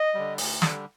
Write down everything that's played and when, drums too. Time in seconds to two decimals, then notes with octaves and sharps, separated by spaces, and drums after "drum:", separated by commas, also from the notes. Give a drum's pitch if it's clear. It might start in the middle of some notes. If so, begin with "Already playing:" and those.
Already playing: D#5
0.14 D3 G3
0.38 D2, drum: open hi-hat
0.62 D3 G3, drum: snare